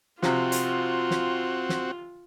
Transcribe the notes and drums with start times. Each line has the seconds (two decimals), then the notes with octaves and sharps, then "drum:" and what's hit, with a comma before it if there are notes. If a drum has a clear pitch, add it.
0.23 C3 F3 C4 F4 F#4, drum: snare
0.52 drum: hi-hat
1.11 drum: snare
1.69 drum: snare